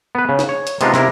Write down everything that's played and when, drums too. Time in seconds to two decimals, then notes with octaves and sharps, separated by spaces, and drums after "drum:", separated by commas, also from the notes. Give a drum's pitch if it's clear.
0.15 B3 B4
0.29 C#3
0.39 drum: snare
0.49 C#5
0.67 drum: hi-hat
0.81 C3 G#3 B3 D4 D#4 F4, drum: hi-hat
0.94 C3 E4 A#4, drum: snare